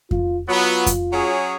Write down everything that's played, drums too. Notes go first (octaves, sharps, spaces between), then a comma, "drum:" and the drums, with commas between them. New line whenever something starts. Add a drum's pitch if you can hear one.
F4, drum: kick F2
F#3 B3 F4
drum: kick F2, hi-hat
F#3 C#4 G#4